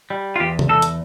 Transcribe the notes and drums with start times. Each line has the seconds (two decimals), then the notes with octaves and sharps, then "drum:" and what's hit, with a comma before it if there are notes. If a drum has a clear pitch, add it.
0.10 G3
0.36 F4
0.40 E2 G4
0.59 drum: tom C3
0.69 E2 A4
0.82 drum: hi-hat